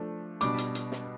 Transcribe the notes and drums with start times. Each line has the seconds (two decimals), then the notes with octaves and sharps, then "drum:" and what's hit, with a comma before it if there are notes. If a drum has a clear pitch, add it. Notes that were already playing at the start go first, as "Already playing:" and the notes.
Already playing: F3 A3 D4
0.41 B2 G3 D4 D6, drum: hi-hat
0.58 drum: hi-hat
0.75 drum: hi-hat
0.92 drum: snare